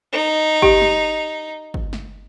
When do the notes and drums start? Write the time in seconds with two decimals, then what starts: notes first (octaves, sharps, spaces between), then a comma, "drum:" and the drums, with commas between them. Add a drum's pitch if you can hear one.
0.13 D#4
0.62 G4, drum: kick
0.81 drum: snare
1.74 drum: kick
1.93 drum: snare